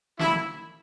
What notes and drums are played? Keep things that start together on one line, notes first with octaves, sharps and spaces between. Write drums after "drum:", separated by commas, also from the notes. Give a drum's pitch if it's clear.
E4, drum: snare